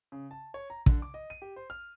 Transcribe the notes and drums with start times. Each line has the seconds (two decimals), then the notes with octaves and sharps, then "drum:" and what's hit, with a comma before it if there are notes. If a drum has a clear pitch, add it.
0.12 C#3
0.31 A5
0.54 C#5
0.70 A#5
0.86 D3, drum: kick
1.02 D6
1.14 D#5
1.30 D#7
1.42 G4
1.56 C5
1.70 F6